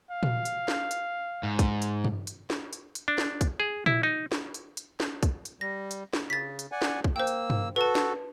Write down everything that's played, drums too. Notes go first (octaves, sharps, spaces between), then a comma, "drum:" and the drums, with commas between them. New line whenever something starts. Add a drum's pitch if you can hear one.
F5
drum: tom A#2
drum: hi-hat
drum: snare
drum: hi-hat
G#2
drum: kick, hi-hat
drum: hi-hat
drum: tom G2
drum: hi-hat
drum: snare
drum: hi-hat
drum: hi-hat
D4
drum: snare
drum: kick, hi-hat
G#4
E4, drum: tom A#2
D#4
drum: snare
drum: hi-hat
drum: hi-hat
drum: snare
drum: kick, hi-hat
drum: hi-hat
G3 A#6
drum: hi-hat
drum: snare
C#3 A6 B6
drum: hi-hat
D5 F#5 G#5
drum: snare
drum: kick
A#3 C5 G5 E6
drum: hi-hat
drum: tom G2
F#4 A4 B4 A5
drum: snare